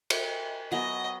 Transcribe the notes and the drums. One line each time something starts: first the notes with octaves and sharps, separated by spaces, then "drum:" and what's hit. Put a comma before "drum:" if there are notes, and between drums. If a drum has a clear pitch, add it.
drum: cymbal
F#3 B3 D#5 F#5 G#5 A#6